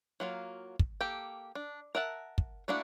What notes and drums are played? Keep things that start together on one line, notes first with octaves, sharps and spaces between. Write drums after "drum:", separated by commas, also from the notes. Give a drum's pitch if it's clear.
F#3 A#3 F4
drum: kick
A#3 G4 A4 G5
D4
A#4 E5 F#5 A5
drum: kick
A3 A#3 D4 E4 F#4